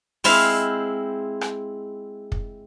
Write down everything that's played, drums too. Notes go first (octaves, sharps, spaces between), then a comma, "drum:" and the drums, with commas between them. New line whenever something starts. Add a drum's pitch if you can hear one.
G#3 C4 E4 C5 E5 F5, drum: open hi-hat
drum: rim click
drum: kick